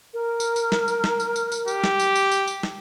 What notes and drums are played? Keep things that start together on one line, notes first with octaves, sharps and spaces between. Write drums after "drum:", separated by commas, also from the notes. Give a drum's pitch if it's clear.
A#4
drum: tambourine
drum: tambourine
drum: snare
drum: tambourine
drum: snare
drum: tambourine
drum: tambourine
drum: tambourine
G4, drum: tambourine
drum: snare
drum: tambourine
drum: tambourine
drum: tambourine
drum: tambourine
drum: snare